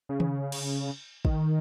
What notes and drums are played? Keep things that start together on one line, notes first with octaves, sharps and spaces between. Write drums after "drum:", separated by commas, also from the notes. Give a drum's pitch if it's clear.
C#3
drum: tom D#3
drum: cymbal
D#3, drum: kick